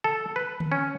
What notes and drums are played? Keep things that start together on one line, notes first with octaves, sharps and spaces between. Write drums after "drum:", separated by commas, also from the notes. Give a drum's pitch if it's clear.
A4
B4
drum: tom D3
C#4